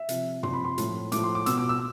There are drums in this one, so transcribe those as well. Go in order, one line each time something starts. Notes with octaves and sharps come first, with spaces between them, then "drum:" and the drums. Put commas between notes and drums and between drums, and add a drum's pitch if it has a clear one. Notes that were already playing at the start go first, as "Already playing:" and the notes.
Already playing: E5
C3 F3, drum: hi-hat
C3 F3 C6, drum: tom
B5
C6
A2 F3, drum: hi-hat
A2 F3 D6, drum: hi-hat
C6
D6
B2 E6, drum: hi-hat
D6
E6